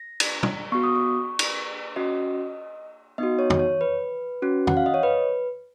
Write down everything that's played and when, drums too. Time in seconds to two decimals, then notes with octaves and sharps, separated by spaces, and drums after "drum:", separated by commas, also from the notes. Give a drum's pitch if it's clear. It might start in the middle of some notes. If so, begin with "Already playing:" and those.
Already playing: A#6
0.20 drum: cymbal
0.43 drum: tom
0.72 B3 F#4 C#6
0.83 D#6
0.96 C#6
1.39 drum: cymbal
1.96 C#4 F#4 D#5
3.18 B3 D#4 F#4 D#5
3.39 C#5
3.50 drum: tom
3.59 C#5
3.81 B4
4.42 C#4 F#4
4.67 F#5, drum: tom
4.77 F5
4.86 D#5
4.94 C#5
5.03 B4